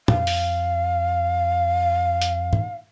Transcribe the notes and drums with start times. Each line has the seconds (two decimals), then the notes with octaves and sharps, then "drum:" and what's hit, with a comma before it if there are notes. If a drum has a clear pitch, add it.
0.08 F2 F5, drum: tom
0.27 drum: open hi-hat
2.22 drum: hi-hat
2.53 drum: tom